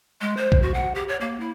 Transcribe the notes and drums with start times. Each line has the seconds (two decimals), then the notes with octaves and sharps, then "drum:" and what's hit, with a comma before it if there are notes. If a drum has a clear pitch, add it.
0.21 G#3
0.37 C5
0.52 drum: kick A#1
0.62 F#4
0.74 F#5
0.95 G4
1.08 C#5
1.21 A#3
1.40 E4